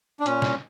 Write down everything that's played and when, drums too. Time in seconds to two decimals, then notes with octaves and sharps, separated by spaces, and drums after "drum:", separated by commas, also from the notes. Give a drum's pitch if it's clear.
0.20 D4
0.26 A#2 C#4, drum: hi-hat
0.42 drum: snare